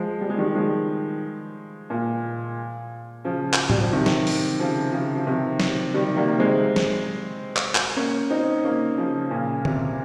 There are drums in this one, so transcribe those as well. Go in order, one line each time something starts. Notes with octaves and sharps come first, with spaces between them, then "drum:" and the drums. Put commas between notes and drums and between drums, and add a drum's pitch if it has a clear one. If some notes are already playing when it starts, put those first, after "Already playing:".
Already playing: F3 G#3
G3
G#3
D#3 G3
F3 G#3
A#2
C#3 F3
drum: clap
G3, drum: tom
F3
C3 D#3
drum: snare
drum: open hi-hat
C#3 F3
C#3 F3
F3
C3 D#3
drum: snare
D#3 G3
G3 A#3
G#3 C4
drum: snare
drum: clap
drum: clap
A#3 C#4
C4 D#4
A#3 C#4
C#3 F3
A#2 C#3
C3, drum: tom